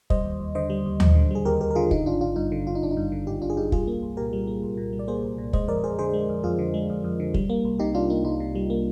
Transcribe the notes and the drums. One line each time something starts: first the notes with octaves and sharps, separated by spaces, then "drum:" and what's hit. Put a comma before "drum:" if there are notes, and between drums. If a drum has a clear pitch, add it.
G3 C5 D#5, drum: kick
D#2
D#2
D3 C5 D#5
G3
D#2
D#2, drum: tom D#2
D3
G3 G#4
D#2 G4 A#4
D#2 G4 A#4
A#4
D3 F4 G#4
D3 D#4, drum: kick
G#1 D4 F4
G#1 D4 F4
G2 D#4
D3
G#1 F4
D#4
G#1 D4
D#4
G2
D3
G#1 D#4 G4
G#1 D4 F4
G#4
G2 D#4 G4
G3 F4 G#4, drum: kick
A#3
C2
A#2 G4 A#4
G3
A#3
C2
A#2
G3
D5
A#3 G#4 C5
C2
A#2
G#3 C5 D#5, drum: kick
F2 A#4 D5
F2 G#4 C5
D3 G#4 C5
G#3
F2
F2 F4 G#4
D3
G#3
F2
F2
D3
G3, drum: kick
A#3
C2
C3 D#4 G4
G3 D4 F4
A#3 D#4
C2 D#4
C3
G3
A#3